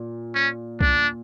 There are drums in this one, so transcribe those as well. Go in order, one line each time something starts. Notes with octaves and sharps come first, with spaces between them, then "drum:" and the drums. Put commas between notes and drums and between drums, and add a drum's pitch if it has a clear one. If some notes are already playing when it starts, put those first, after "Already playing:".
Already playing: A#2
C#4
D4, drum: kick